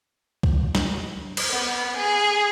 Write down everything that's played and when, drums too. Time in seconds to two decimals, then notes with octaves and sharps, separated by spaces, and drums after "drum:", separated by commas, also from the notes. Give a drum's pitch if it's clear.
0.43 drum: kick C2
0.75 drum: snare
1.37 drum: cymbal
1.49 B3
1.96 G#4